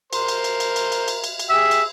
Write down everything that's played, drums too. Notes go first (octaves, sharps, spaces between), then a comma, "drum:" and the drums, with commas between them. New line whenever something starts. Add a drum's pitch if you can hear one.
A#4 C5 C6, drum: cymbal
drum: cymbal
drum: cymbal
drum: cymbal
drum: cymbal
drum: cymbal
drum: cymbal
drum: cymbal
drum: cymbal
G4 G#4 E5
drum: cymbal